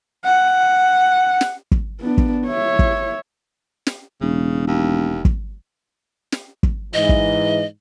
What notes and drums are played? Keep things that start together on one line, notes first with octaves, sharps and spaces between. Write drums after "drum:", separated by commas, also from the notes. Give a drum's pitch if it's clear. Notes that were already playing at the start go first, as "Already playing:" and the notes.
F#5
drum: snare
drum: kick
B3 D4
drum: kick
C#5 E5
drum: kick
drum: snare
E1 C#3
D#2
drum: kick
drum: snare
drum: kick
G#2 E3 D#5
drum: kick